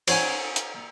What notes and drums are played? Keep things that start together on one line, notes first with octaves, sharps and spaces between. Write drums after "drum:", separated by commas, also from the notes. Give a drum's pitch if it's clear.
C5 C#5 F#5 G#5 C6, drum: cymbal
drum: hi-hat